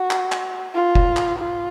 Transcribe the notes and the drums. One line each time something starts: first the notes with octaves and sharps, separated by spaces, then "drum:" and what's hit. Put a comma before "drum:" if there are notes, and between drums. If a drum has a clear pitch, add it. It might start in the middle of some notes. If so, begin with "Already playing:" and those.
Already playing: F#4
drum: clap
drum: clap
F4
drum: kick F1
drum: clap
F4